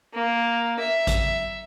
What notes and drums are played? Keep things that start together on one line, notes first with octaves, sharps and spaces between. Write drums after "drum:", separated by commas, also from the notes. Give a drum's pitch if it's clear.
A#3
E5
drum: kick A1, hi-hat